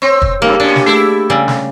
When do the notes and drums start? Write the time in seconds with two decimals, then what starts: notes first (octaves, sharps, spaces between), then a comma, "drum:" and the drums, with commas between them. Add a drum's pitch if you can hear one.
0.02 C4 C#5 C6 C#6
0.22 drum: kick
0.42 G2 C#3 A#3 G4
0.60 A#2 C#4 D4
0.76 drum: snare
0.86 A3 E4 G#4 A4
1.30 C#3 G3 G#5
1.48 drum: snare